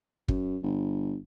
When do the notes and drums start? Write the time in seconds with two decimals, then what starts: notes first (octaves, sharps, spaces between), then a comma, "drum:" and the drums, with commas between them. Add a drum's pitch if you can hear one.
0.28 F#2, drum: kick
0.62 G1